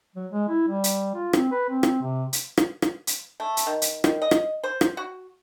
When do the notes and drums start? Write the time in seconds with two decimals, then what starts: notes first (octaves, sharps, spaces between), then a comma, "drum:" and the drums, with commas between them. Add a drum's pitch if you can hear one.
0.15 F#3
0.32 G#3
0.48 E4
0.68 G3
0.84 drum: hi-hat
1.14 F4
1.33 C4, drum: rim click
1.51 B4
1.69 C4
1.83 drum: rim click
2.02 C3
2.33 drum: hi-hat
2.58 drum: rim click
2.82 drum: rim click
3.07 drum: hi-hat
3.40 A3
3.57 drum: hi-hat
3.67 D#3
3.82 drum: hi-hat
4.04 D#3, drum: rim click
4.22 D#5
4.31 drum: rim click
4.64 C5
4.81 drum: rim click
4.97 F#4